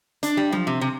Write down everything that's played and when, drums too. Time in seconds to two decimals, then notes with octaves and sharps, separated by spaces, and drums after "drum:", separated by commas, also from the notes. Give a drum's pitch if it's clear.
0.23 D4, drum: hi-hat
0.37 G3
0.52 F3, drum: tom F3
0.67 C3
0.81 C3